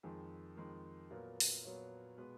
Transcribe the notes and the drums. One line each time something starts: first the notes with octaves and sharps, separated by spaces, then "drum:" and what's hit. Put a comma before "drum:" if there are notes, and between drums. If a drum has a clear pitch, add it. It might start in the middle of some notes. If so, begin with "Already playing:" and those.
F2 D#3 G#3 G#4
F2 D#3 G#3
A#2 F#3 B3 A#4
drum: open hi-hat
A#2 F#3 B3 C#5
B2 G#3 B3 B4